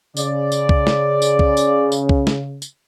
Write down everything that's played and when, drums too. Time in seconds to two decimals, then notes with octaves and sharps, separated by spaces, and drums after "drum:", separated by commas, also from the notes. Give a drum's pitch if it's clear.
0.17 C#3 D5, drum: tambourine
0.52 drum: tambourine
0.69 drum: kick C2
0.87 drum: snare
1.22 drum: tambourine
1.39 drum: kick C2
1.57 drum: tambourine
1.92 drum: tambourine
2.09 drum: kick C2
2.27 drum: snare
2.62 drum: tambourine